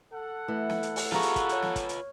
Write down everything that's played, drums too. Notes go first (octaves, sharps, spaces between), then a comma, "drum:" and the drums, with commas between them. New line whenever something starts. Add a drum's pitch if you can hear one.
A4 F#5
E3 A3 E4
drum: snare
drum: hi-hat
drum: open hi-hat
F4 G4 G#4 B4 F5 A#5 C#6, drum: snare
drum: hi-hat
drum: kick, hi-hat
C#5 F6, drum: hi-hat
drum: snare
drum: kick, hi-hat
drum: hi-hat